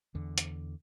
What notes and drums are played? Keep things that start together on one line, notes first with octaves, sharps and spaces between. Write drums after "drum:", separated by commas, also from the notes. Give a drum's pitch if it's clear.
E2 D3
drum: hi-hat